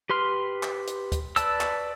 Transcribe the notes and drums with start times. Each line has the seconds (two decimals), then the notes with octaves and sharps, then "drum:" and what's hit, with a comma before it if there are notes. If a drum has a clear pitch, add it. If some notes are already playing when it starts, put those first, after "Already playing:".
0.10 G4 B4 C6 F6
0.63 drum: clap
0.87 drum: hi-hat
1.12 drum: kick D2, hi-hat
1.36 B4 D5 A5 E6, drum: hi-hat
1.61 drum: clap